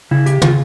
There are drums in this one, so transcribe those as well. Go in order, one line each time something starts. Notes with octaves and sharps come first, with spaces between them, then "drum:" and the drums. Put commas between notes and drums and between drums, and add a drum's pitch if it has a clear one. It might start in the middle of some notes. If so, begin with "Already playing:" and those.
C#3 E4
G4, drum: hi-hat
C#3 F4, drum: tom